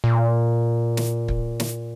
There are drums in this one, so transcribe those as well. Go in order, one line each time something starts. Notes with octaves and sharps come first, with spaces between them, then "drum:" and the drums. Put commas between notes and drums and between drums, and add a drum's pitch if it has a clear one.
A#2
drum: snare
drum: kick
drum: snare